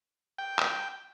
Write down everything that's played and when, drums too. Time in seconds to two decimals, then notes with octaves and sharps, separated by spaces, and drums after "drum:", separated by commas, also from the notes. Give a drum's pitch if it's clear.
0.38 G5
0.59 drum: clap